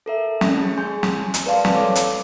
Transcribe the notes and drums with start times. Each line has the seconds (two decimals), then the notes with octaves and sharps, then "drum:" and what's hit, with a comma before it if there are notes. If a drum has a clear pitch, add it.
0.06 A4 A#4 E5
0.41 A3 C#4, drum: snare
0.62 G#4
0.78 G#5 C6 G6
1.03 drum: snare
1.34 drum: hi-hat
1.46 A#4 B4 D5 F5 A5 C6
1.65 drum: snare
1.75 A4 C#5 D6
1.95 drum: hi-hat